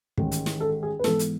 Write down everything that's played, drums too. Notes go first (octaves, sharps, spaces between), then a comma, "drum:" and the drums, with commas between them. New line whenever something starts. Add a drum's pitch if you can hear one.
A1 G#2 D#3 G#3 C#4, drum: kick
drum: hi-hat
drum: snare
A4
G#4
B4
G#2 E3 B3 A4, drum: snare
drum: hi-hat